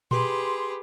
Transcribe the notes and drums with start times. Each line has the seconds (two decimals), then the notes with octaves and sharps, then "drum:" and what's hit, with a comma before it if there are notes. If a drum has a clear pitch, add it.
0.11 G4 G#4 B4 C6, drum: tom A#2